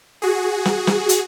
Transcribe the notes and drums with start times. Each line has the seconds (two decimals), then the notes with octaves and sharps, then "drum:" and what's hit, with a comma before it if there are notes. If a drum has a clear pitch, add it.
0.22 F#4 G#4
0.65 drum: snare
0.87 drum: snare
1.09 drum: hi-hat